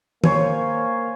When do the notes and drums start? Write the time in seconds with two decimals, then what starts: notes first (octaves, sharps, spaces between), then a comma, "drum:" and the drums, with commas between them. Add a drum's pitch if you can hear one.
0.24 A#3 C5 C#5 G#5, drum: tom